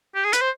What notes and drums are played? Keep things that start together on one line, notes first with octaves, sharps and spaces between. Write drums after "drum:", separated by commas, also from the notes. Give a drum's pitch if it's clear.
G4
G#4
B4, drum: hi-hat
C5